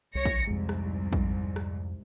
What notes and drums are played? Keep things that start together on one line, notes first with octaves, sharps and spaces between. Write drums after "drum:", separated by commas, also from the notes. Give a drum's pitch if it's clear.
C2 C#5 A#6 C#7
drum: kick
C2 F2 G#2 G#3
drum: rim click
drum: kick
drum: rim click